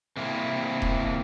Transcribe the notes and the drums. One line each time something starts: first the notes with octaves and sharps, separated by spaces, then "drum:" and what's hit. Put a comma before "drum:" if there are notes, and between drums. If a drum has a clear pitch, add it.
C3 A#3 C4 E4
drum: kick D#1